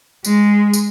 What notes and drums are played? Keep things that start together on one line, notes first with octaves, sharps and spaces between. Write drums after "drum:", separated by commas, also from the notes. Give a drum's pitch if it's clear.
G#3, drum: tambourine
drum: tambourine